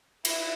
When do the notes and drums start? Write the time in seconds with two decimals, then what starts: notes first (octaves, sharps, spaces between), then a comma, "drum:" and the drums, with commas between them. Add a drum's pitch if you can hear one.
0.25 E4, drum: cymbal